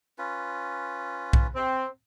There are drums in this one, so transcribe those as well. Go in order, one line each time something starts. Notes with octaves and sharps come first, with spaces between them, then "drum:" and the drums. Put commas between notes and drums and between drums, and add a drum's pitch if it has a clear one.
C#4 F4 B4
drum: kick B1
C4